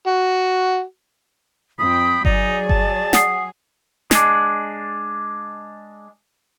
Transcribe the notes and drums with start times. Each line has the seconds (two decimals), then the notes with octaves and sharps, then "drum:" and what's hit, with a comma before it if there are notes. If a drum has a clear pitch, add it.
0.07 F#4
1.79 F2 G5 B5 D#6
2.25 F#3 D#4 G#4 D5, drum: kick G1
2.69 A5, drum: kick G1
3.13 F#5 D#6 C7, drum: snare
4.11 G#3 D4, drum: snare